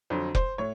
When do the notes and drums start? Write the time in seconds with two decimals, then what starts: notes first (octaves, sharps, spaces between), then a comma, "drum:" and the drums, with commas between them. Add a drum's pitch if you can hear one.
0.10 F2 D3 F#3 C5
0.35 C5, drum: kick F1
0.58 A2 C#5